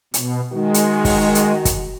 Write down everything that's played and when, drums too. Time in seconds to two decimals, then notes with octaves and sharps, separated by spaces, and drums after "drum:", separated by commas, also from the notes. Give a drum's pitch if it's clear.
0.14 B2, drum: hi-hat
0.53 D#3 G#3 F#4
0.74 drum: hi-hat
1.05 drum: kick, open hi-hat
1.35 drum: hi-hat
1.65 drum: kick, hi-hat